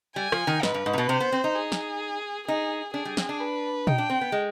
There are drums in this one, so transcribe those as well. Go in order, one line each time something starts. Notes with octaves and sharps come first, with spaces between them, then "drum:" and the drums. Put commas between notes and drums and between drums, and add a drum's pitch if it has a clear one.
G3 G#5
F3, drum: rim click
D#3
G#2 B4, drum: snare
G2
G#2
C3
B2
C3 C5
B3
C4
D#4
G#4
drum: snare
D#4 G#4
D4 G#4
G3
C4, drum: snare
D4
B4
D#4 G5, drum: tom
D4
C4
B3
G#3